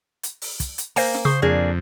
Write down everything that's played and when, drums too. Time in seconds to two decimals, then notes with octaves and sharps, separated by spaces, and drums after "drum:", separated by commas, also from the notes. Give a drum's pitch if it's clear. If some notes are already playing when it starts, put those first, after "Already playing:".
0.23 drum: hi-hat
0.42 drum: open hi-hat
0.60 drum: kick, hi-hat
0.78 drum: hi-hat
0.96 A#3 C5 F5 G#5, drum: open hi-hat
1.14 drum: snare
1.25 C#3 C5 C#6 D#6
1.42 F2 A#3 D4 G#4